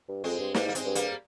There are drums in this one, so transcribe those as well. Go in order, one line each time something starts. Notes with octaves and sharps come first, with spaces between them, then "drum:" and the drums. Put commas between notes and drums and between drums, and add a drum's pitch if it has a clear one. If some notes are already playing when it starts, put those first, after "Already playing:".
G2
F2 G#3 C4
G2
G#2 G3 A#3, drum: snare
A#3
G#3 C4, drum: hi-hat
G2
G3 A#3, drum: hi-hat